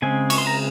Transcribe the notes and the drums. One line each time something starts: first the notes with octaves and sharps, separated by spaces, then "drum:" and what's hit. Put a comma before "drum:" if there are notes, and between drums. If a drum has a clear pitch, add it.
C#3 G#3 C4 G#5
C#6, drum: cymbal
C6
A#5